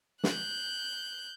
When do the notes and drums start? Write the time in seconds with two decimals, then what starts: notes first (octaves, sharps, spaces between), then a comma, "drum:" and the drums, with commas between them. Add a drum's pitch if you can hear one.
0.24 F#6 G6, drum: snare